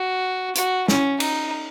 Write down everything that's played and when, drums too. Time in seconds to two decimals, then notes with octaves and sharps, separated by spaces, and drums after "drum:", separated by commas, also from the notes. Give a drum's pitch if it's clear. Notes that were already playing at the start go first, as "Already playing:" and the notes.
Already playing: F#4
0.55 F#4, drum: hi-hat
0.88 C#4, drum: snare
1.20 D#4, drum: cymbal